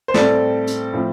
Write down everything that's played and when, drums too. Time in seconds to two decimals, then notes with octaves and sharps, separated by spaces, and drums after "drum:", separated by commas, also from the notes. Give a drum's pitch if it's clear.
0.08 C5
0.14 A2 G3 C4 A4 D5, drum: snare
0.67 drum: hi-hat
0.93 A2 F3 C4